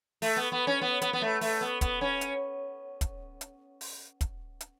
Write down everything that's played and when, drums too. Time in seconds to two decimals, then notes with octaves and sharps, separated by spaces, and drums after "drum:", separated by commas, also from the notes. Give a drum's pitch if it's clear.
0.22 A3, drum: open hi-hat
0.36 B3
0.52 B3
0.67 C#4
0.81 B3
1.02 B3, drum: hi-hat
1.13 B3
1.22 A3
1.41 A3, drum: open hi-hat
1.61 B3
1.81 B3, drum: kick, hi-hat
2.01 C#4
2.21 drum: hi-hat
3.01 drum: kick, hi-hat
3.41 drum: hi-hat
3.81 drum: open hi-hat
4.21 drum: kick, hi-hat
4.61 drum: hi-hat